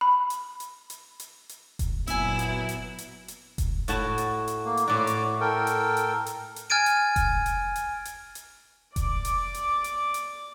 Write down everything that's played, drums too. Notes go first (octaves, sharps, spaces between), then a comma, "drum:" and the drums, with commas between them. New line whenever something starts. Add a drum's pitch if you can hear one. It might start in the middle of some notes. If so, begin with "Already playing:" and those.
B5
drum: hi-hat
drum: hi-hat
drum: hi-hat
drum: hi-hat
drum: hi-hat
drum: kick F1, hi-hat
F#1 A#2 F#3 B3 E4 E5 G#5, drum: hi-hat
drum: hi-hat
drum: hi-hat
drum: hi-hat
drum: hi-hat
drum: kick F1, hi-hat
A2 F#4 A5, drum: hi-hat
drum: hi-hat
drum: hi-hat
A#3
drum: hi-hat
A2 F#4 D5 D6
drum: hi-hat
A4 A#4 G5
drum: hi-hat
drum: hi-hat
drum: hi-hat
drum: hi-hat
G#5 F6 G#6 A6 D7 D#7
drum: hi-hat
drum: kick F1, hi-hat
drum: hi-hat
drum: hi-hat
drum: hi-hat
drum: hi-hat
D5 D6, drum: kick F1, hi-hat
drum: hi-hat
drum: hi-hat
drum: hi-hat
drum: hi-hat